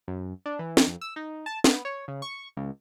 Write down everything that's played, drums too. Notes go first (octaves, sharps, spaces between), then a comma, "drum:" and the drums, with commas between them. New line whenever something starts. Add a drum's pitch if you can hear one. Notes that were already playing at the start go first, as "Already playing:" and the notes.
F#2
D4
E3
drum: snare
F2
E6
D#4
A5
B3, drum: snare
C#5
C#3
C#6
C#2